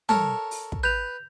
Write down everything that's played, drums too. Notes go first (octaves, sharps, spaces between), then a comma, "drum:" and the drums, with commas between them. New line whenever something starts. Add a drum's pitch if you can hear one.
A4 A#4 C#5 A5, drum: tom
drum: open hi-hat
drum: kick
B4 G6 F7